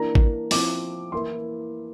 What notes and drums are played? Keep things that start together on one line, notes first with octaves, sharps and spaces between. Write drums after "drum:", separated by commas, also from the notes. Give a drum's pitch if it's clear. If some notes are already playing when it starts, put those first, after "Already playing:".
Already playing: E3 A#3 D4 A#5
drum: kick
F3 C4 E4 D6, drum: open hi-hat
E3 A#3 E4 C6